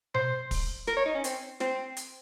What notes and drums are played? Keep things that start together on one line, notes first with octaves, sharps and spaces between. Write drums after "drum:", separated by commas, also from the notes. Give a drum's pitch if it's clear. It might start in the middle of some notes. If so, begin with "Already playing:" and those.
C5, drum: tom B2
drum: kick, open hi-hat
A#4, drum: snare
C#5
D#4
C#4
C4, drum: hi-hat
C4, drum: snare
drum: hi-hat